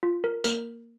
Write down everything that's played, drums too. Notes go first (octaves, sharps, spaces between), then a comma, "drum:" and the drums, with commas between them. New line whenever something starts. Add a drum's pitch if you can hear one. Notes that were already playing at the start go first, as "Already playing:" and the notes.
F4
A#4
A#3 A#4, drum: tambourine